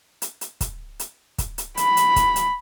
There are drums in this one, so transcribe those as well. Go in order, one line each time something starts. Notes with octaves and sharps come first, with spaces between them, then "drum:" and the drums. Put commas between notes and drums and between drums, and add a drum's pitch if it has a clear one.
drum: hi-hat
drum: hi-hat
drum: kick, hi-hat
drum: hi-hat
drum: kick, hi-hat
drum: hi-hat
B5, drum: hi-hat
drum: hi-hat
drum: kick, hi-hat
drum: hi-hat